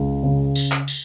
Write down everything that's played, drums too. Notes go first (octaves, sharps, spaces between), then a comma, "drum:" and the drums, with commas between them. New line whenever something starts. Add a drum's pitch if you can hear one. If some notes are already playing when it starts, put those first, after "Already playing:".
Already playing: C#2
C#3
drum: tambourine
drum: clap
drum: tambourine